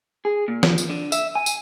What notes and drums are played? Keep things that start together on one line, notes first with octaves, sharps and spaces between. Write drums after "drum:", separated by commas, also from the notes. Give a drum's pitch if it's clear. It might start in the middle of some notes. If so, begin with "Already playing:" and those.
G#4
A#2
F3, drum: snare
drum: tambourine
D3
E5, drum: tambourine
G#5
drum: tambourine